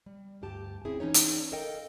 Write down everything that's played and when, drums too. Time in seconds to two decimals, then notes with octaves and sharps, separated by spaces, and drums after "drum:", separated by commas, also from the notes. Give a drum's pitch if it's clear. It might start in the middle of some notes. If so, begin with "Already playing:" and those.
0.06 G3
0.42 D2 G2 G4 A5
0.85 C4 C#4 E4 G#4
1.00 E3 C#4 D#4 C#5
1.14 drum: hi-hat
1.52 A4 A#4 D#5 F5 G5